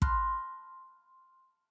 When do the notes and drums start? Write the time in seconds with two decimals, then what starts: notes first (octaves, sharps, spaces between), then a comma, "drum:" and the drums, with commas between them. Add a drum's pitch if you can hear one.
0.02 A5 B5 C6 F6 F#6 A#6, drum: kick